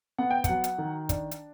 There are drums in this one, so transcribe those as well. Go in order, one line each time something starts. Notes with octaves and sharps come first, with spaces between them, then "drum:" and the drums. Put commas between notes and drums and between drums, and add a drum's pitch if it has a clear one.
B3 F#5
G5
F#5, drum: kick, hi-hat
F#3
drum: hi-hat
D#3
D4, drum: kick, hi-hat
drum: hi-hat